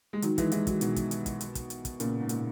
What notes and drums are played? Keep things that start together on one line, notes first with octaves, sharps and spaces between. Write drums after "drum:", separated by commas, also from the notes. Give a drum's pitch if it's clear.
G#3
D#3 F#3, drum: hi-hat
E3 G#3, drum: kick, hi-hat
E3 G#3, drum: hi-hat
D#3 F#3, drum: kick, hi-hat
B2 D#3, drum: hi-hat
drum: kick, hi-hat
drum: hi-hat
drum: kick, hi-hat
drum: hi-hat
drum: kick, hi-hat
drum: hi-hat
drum: kick, hi-hat
A#2 C#3, drum: hi-hat
G#2
A#2, drum: hi-hat